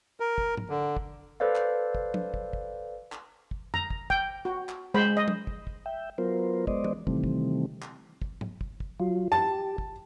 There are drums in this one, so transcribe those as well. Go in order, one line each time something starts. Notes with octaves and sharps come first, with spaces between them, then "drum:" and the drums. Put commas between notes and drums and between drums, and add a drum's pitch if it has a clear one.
A#4
drum: kick
drum: tom G#2
D3
drum: kick
A4 B4 C5 D5 F5
drum: clap
drum: kick
drum: tom
drum: kick
drum: kick
drum: clap
drum: kick
A#5, drum: tom F2
drum: kick
G5, drum: kick
F#4
drum: clap
G#3 C5 B5
D#5
drum: tom
drum: kick
drum: kick
E5 G5
F#3 B3 F4 A#4 C5
G#3 B3 C5 D5 D#5, drum: kick
drum: tom E3
C3 D#3 E3 G3 A3 C4, drum: kick
drum: kick
drum: clap
drum: kick
drum: tom G#2
drum: kick
drum: kick
F#3 F4
G4 A5
drum: kick